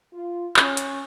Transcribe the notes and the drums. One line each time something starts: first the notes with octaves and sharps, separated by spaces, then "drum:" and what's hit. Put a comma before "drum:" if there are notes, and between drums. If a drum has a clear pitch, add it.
F4
C#4, drum: clap
drum: hi-hat